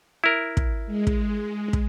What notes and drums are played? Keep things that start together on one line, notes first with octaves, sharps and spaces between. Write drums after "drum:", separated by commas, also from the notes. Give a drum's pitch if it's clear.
E4 A#4
drum: kick
G#3
drum: kick
drum: kick